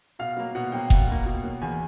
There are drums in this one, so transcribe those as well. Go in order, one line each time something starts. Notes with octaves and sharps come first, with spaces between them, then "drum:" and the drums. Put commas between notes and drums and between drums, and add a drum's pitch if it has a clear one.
B2 F5
F#3 A#3
B2 F#5
F#3 A#3 G5
B2, drum: kick F#1
F#3 A#3
B2
F#3 A#3
E2 G#5